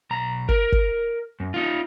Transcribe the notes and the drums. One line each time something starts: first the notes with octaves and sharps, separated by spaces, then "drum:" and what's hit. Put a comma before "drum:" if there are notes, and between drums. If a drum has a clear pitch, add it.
B1 A#5
A#4, drum: kick
drum: kick
F#2
D#4 F4